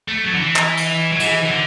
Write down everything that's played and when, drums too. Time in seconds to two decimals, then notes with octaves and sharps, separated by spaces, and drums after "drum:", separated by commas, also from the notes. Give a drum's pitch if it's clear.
0.08 A3
0.24 F#3
0.35 D3
0.40 E3
0.56 drum: clap
0.77 drum: cymbal
1.12 F#3
1.20 E3, drum: cymbal
1.45 E3
1.51 D3